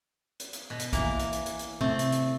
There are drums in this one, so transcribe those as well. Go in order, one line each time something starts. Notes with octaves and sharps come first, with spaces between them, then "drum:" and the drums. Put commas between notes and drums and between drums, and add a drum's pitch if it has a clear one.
drum: hi-hat
drum: hi-hat
B2
drum: hi-hat
E3 A#3, drum: kick A#1, hi-hat
drum: hi-hat
drum: hi-hat
drum: hi-hat
drum: hi-hat
C3 A3 C4
drum: hi-hat
drum: hi-hat